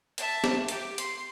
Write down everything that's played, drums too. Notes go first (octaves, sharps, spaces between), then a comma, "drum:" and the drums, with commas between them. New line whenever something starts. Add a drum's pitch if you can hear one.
E5 A5, drum: hi-hat
drum: snare
G4, drum: hi-hat
C6, drum: hi-hat